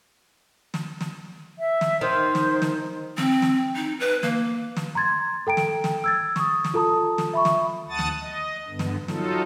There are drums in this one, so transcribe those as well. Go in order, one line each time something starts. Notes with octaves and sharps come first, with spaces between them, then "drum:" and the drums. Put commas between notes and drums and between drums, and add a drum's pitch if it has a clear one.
drum: snare
drum: snare
E5
drum: snare
D#3 D#4 C5
drum: snare
drum: snare
C4, drum: snare
drum: snare
D#4
B4
A#3, drum: snare
drum: snare
A#5 C6 G#6 A6
A4 G5 A#5 D7
drum: snare
drum: snare
E6 G#6 A6
C#6 D#6, drum: snare
drum: snare
F4 A4 A5 A#5 D#6
drum: snare
E5 B5 C#6
drum: snare
D2 F#5 A5 D#6 A6
drum: snare
D#5
G2 D3 B3
drum: snare
F#3 D#4 F4 A4, drum: snare